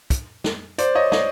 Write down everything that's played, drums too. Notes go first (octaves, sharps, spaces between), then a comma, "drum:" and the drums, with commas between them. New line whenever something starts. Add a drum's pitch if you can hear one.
drum: kick, hi-hat
drum: snare
C5 D5, drum: hi-hat
C#5 D#5
C#5 D#5, drum: snare